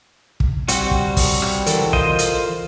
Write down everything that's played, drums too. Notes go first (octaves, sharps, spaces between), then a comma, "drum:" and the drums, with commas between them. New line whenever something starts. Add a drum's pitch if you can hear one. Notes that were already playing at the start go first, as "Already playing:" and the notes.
drum: kick
G3 C4 F#4, drum: hi-hat
drum: kick
drum: kick, open hi-hat
drum: rim click
E3 A4 A#4, drum: hi-hat
F4 C5 D#5, drum: kick
drum: hi-hat